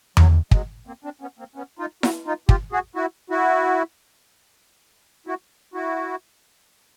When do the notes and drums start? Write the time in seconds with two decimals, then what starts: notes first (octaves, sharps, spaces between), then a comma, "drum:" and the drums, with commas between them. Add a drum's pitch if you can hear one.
0.17 F#3, drum: tom E2
0.51 F#3 G#3, drum: kick
0.87 A#3 C4
1.04 C4 D4
1.21 B3 C#4
1.39 A#3 C4
1.56 B3 C#4
1.79 D#4 F4
2.03 E4 F#4, drum: snare E4
2.26 D#4 F4
2.49 F4 G4, drum: kick
2.72 F#4 G#4
2.95 E4 F#4
3.30 E4 F#4
5.27 E4 F#4
5.74 E4 F#4